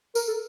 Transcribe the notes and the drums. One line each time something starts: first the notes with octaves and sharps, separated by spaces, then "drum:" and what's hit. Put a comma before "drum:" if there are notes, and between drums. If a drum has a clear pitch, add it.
A#4, drum: tambourine
A4